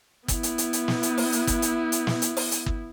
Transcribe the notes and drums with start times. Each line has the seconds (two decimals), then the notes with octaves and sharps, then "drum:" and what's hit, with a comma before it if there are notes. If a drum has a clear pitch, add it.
0.28 B3 E4, drum: kick G1, hi-hat
0.43 drum: hi-hat
0.58 drum: hi-hat
0.73 drum: hi-hat
0.88 drum: snare
1.03 drum: hi-hat
1.18 drum: open hi-hat
1.32 drum: hi-hat
1.47 drum: kick G1, hi-hat
1.62 drum: hi-hat
1.92 drum: hi-hat
2.07 drum: snare
2.22 drum: hi-hat
2.37 drum: open hi-hat
2.51 drum: hi-hat
2.66 drum: kick G1